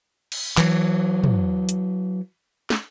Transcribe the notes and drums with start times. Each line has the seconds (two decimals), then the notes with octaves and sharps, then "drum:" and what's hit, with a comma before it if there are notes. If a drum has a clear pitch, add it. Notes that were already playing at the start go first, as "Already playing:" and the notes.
0.32 drum: cymbal
0.57 E3 F#3, drum: clap
1.23 drum: tom
1.69 drum: hi-hat
2.70 drum: snare